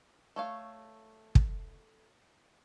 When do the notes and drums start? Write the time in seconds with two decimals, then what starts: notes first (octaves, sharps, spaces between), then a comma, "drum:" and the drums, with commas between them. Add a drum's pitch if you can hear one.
0.36 A3 C#5 F5
1.35 drum: kick